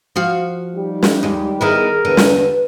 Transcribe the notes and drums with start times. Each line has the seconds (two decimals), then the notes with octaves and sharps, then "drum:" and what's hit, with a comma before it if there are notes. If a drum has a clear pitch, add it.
0.16 F3 F#4 F5
0.75 G3 D#4 G4
1.03 drum: snare
1.23 D#2 G#3
1.61 D#3 B3 E4 G#4 A#4
2.05 E2 G2 D3 B4
2.17 drum: snare